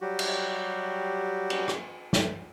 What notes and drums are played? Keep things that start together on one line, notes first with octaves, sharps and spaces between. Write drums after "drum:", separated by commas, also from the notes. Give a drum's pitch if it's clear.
F#3 G3 F#4 G4
drum: cymbal
drum: cymbal
drum: rim click
drum: snare